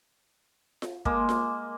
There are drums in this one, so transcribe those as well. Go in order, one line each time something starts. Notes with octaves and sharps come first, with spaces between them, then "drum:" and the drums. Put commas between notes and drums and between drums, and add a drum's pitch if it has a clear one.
drum: snare F4
G#3 A#3, drum: kick
drum: snare F4